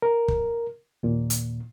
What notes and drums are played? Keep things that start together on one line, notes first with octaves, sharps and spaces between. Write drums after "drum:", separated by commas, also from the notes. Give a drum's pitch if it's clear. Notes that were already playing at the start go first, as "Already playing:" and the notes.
A#4
drum: kick
D#2 A#2
drum: hi-hat